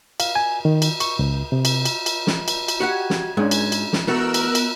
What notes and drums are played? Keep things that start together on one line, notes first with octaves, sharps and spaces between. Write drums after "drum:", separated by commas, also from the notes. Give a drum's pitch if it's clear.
F5, drum: cymbal
G#5
D#3
drum: cymbal
C#6, drum: cymbal
C#2
C3
drum: cymbal
drum: cymbal
drum: cymbal
drum: snare
drum: cymbal
drum: cymbal
F#4 G4 F#5 G#6
drum: snare
G#2 G#3 C#4 D4
drum: cymbal
drum: cymbal
drum: snare
E3 A3 B3 F#4 A#4 E6 F#6
drum: cymbal
drum: cymbal